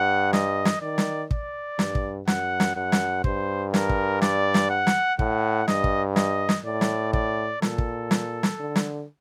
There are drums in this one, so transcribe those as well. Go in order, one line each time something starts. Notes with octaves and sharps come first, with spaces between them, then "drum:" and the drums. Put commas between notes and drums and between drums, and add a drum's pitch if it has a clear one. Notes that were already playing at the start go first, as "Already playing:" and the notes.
Already playing: G2 F#5
D#5, drum: snare
drum: snare
D#3 D5
drum: snare
D5, drum: kick
G2, drum: snare
drum: kick
F#2 F#5, drum: snare
drum: snare
F#2 F#5
drum: snare
G2 C5, drum: kick
A#4, drum: snare
drum: kick
D5, drum: snare
drum: snare
F#5
drum: snare
A2 F#5, drum: kick
G2 D#5, drum: snare
drum: kick
D#5, drum: snare
drum: snare
A2 D5
drum: snare
D5, drum: kick
A#2 A4, drum: snare
drum: kick
drum: snare
drum: snare
D3
drum: snare